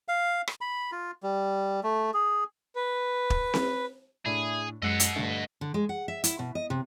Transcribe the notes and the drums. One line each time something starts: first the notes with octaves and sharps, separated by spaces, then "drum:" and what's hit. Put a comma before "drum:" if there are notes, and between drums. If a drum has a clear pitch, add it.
F5
drum: rim click
B5
F4
G3
A3
G#4
B4
drum: kick
drum: snare C4
A2 D4 G#4 D5 E5 B5
F#2 F#3 G#3 D#5 F#5 E6 F#6 C7
drum: hi-hat
G2 D3 A3 D4
D3
G#3
F#5
E5
E4, drum: hi-hat
B2
D#5
C3